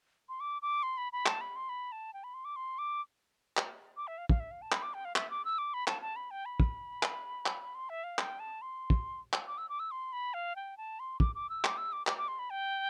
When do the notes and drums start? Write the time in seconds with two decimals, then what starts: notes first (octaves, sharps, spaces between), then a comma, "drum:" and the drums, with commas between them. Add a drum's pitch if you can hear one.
0.29 C6
0.40 D6
0.62 D6
0.83 C6
0.98 B5
1.13 B5
1.26 A5, drum: clap
1.41 B5
1.56 C6
1.69 B5
1.92 A5
2.14 G5
2.24 B5
2.34 C6
2.45 D6
2.56 C6
2.78 D6
3.57 drum: clap
3.97 D6
4.07 E5
4.18 F5
4.29 F5, drum: kick
4.40 E5
4.51 F5
4.62 A5
4.72 B5, drum: clap
4.83 D6
4.94 G5
5.05 F5
5.16 E5, drum: clap
5.30 D6
5.45 E6
5.58 D6
5.74 B5
5.87 A5, drum: clap
6.02 A5
6.16 B5
6.31 G5
6.46 B5
6.60 drum: kick
7.03 drum: clap
7.46 drum: clap
7.75 C6
7.89 E5
8.04 F5
8.19 G5, drum: clap
8.40 A5
8.62 C6
8.90 drum: kick
9.33 drum: clap
9.47 D6
9.58 E6
9.69 D6
9.80 E6
9.91 C6
10.13 B5
10.34 F5
10.56 G5
10.78 A5
11.00 C6
11.20 D6, drum: kick
11.35 D6
11.50 E6
11.64 D6, drum: clap
11.78 E6
11.92 D6
12.07 D6, drum: clap
12.18 D6
12.28 C6
12.39 B5
12.50 G5